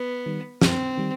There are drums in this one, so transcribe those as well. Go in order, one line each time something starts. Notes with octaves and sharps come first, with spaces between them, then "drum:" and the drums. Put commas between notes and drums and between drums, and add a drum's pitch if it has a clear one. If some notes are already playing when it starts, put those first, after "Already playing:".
Already playing: B3
D#3 G3
F#2 C4, drum: snare
D#3 G3